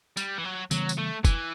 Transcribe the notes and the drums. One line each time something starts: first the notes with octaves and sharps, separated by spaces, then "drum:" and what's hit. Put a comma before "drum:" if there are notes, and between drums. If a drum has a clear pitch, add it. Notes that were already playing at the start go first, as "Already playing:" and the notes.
G3, drum: tambourine
E3
F#3
C#3 E3 F#3 G3 B3, drum: tambourine
drum: tambourine
A3
E3, drum: kick, tambourine